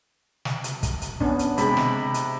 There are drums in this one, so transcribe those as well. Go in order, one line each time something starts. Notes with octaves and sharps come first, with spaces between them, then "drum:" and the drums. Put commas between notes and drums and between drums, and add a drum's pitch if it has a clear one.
drum: snare
drum: hi-hat
drum: kick, hi-hat
drum: hi-hat
B3 C#4 D4, drum: kick
drum: hi-hat
C3 G#3 G4 B5, drum: hi-hat
drum: snare
drum: hi-hat